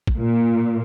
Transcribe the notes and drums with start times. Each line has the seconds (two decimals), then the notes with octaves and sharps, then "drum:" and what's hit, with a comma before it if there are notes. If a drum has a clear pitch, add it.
0.07 drum: kick A#1
0.18 A#2